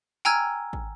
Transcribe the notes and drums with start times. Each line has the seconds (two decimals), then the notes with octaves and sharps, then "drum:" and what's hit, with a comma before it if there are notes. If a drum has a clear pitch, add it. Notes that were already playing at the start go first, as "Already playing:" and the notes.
0.25 G5 G#5 A#5 E6 F6 G#6
0.73 drum: kick